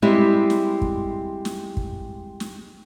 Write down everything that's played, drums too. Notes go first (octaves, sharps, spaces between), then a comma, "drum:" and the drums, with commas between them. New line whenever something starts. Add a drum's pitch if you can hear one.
G3 G#3 C4 E4 G4 E5
drum: snare
drum: kick
drum: snare
drum: kick
drum: snare